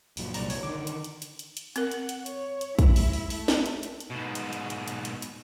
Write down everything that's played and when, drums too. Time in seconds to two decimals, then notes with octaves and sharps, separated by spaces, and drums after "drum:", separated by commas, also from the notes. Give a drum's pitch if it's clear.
0.17 F#1 A#2 F#3, drum: open hi-hat
0.34 C2 D5 A#5, drum: open hi-hat
0.50 C#5, drum: open hi-hat
0.63 D3 D#3 D6
0.87 drum: hi-hat
1.04 drum: hi-hat
1.22 drum: hi-hat
1.39 drum: hi-hat
1.57 drum: hi-hat
1.76 C4 A#4 F#5, drum: hi-hat
1.92 drum: hi-hat
2.09 drum: hi-hat
2.26 C#5, drum: hi-hat
2.61 drum: hi-hat
2.79 G#3 E4, drum: kick, hi-hat
2.96 drum: open hi-hat
3.13 drum: open hi-hat
3.30 A3, drum: open hi-hat
3.48 drum: snare
3.66 drum: hi-hat
3.83 drum: hi-hat
4.00 drum: hi-hat
4.11 G#2 B2
4.35 drum: hi-hat
4.53 drum: hi-hat
4.70 drum: hi-hat
4.88 drum: hi-hat
5.05 drum: hi-hat
5.22 drum: hi-hat